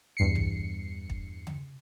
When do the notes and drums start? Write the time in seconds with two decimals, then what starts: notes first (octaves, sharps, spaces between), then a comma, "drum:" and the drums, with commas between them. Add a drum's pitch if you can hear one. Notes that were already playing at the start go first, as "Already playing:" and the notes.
0.17 E2 G2 C7 C#7
0.35 drum: tom
1.10 drum: kick
1.47 drum: tom C#3